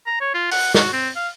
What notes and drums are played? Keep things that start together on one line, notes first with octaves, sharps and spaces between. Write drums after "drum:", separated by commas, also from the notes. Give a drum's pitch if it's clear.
A#5
C#5
F4
F#5, drum: open hi-hat
F#4, drum: snare
C4
F5